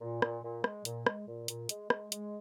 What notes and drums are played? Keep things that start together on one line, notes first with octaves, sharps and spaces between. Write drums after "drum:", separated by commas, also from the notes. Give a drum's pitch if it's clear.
A#2
A#2, drum: rim click
A#2
G#3, drum: rim click
A#2, drum: hi-hat
G#3, drum: rim click
A#2
A#2, drum: hi-hat
G#3, drum: hi-hat
G#3, drum: rim click
G#3, drum: hi-hat